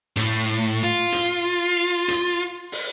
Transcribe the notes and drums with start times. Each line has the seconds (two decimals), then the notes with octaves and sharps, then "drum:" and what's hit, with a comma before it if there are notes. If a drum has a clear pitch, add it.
0.17 A2, drum: hi-hat
0.83 F4
1.12 drum: hi-hat
2.08 drum: hi-hat
2.72 drum: open hi-hat